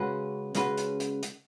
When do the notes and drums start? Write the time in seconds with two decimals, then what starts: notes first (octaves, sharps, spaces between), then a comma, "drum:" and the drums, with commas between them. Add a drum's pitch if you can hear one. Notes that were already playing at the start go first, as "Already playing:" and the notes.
Already playing: C#3 G#3 C#4 F#4 B4
0.55 C#3 G#3 C#4 F#4 B4, drum: hi-hat
0.78 drum: hi-hat
1.00 drum: hi-hat
1.23 drum: hi-hat